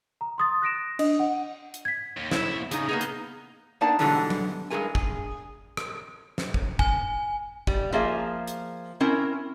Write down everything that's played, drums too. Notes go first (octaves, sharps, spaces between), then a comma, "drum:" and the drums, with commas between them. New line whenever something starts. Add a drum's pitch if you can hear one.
A#5
C6 D#6 A6
F#6 A#6 D7 E7
D4 D#5 D#6, drum: cymbal
F#5
drum: hi-hat
G#6 B6
D#2
D#2 E4 C5 C#5 E5, drum: snare
C#3 D#4 G#4, drum: hi-hat
A#3 B3 D#4 G#4
drum: hi-hat
A#3 B3 D4 D#4 D5 A5
G#2 B2 D3 E3 F#3 G3, drum: open hi-hat
drum: tom F#3
G2 G#3 F#4 G#4 A#4 G#5
G#4, drum: kick
drum: rim click
drum: snare
drum: kick
G#5, drum: kick
G3, drum: kick
F3 A#3 G#4 E5
drum: hi-hat
C4 C#4 E4 A#4